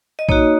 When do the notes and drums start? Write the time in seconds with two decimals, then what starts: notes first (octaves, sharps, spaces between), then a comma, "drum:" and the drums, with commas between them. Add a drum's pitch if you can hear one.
0.19 D#5
0.29 A#3 D#4 F#4 C#5, drum: kick